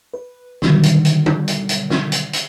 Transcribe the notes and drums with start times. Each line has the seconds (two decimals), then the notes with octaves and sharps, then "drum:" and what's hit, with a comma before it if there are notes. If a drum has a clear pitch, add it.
0.14 B4
0.62 B2 D3 D#3 F#3 G3, drum: snare
0.83 drum: hi-hat
1.05 drum: hi-hat
1.26 drum: tom
1.48 drum: hi-hat
1.69 drum: hi-hat
1.90 drum: snare
2.12 drum: hi-hat
2.33 drum: hi-hat